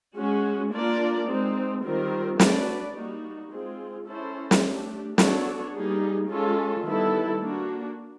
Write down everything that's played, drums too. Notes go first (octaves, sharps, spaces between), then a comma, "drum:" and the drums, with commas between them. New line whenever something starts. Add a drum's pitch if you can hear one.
G#3 C#4 F#4
A#3 D4 F4 A#4 D5
G#3 C4 D#4
D#3 G3 C4 F4 A#4
A3 D4 F#4 B4 D5, drum: snare
G3 A#3 D#4 F#4
G#3 C4 F4 G#4
C#4 E4 A4 C5
drum: snare
A3 D4 G4
B3 D4 F#4 A4 C#5, drum: snare
G3 A#3 D#4 G#4
G#3 C#4 F4 A4
D#3 G3 B3 E4 A4
A#3 D4 F#4